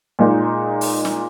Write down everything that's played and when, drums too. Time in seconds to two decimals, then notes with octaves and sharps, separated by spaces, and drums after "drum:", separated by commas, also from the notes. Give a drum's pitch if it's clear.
0.19 A#2 G#3 D#4
0.81 drum: open hi-hat
1.05 drum: snare